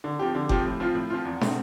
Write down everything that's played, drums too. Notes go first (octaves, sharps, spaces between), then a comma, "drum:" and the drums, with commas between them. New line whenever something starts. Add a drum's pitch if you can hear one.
D3
F3 C4 G4
D3
F3 C4 G4, drum: kick F#1
A2
F3 C4 F4
A2
F3 C4 F4
E2
B2 A3 C4, drum: snare